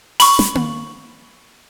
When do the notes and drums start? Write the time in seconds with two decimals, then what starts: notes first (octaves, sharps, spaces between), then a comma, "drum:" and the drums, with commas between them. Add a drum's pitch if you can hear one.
0.20 B5 C#6, drum: open hi-hat
0.39 drum: snare
0.55 drum: tom A#3